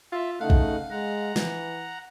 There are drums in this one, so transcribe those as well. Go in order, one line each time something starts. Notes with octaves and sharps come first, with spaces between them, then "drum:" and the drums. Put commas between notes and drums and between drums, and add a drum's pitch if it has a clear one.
F4 E5
C#3 A3 D#4 F5 F#5
drum: kick
G#3 F#5 A#5
E3, drum: snare